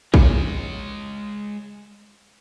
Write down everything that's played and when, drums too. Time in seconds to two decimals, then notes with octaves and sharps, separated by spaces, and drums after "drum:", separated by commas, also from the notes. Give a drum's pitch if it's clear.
0.14 G#3 C#5, drum: kick